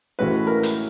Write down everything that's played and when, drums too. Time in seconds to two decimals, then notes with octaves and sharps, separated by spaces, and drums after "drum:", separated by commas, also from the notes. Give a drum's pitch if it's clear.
0.19 A2 E3 G#3 C#4 F#4 B4
0.47 A#4
0.63 drum: hi-hat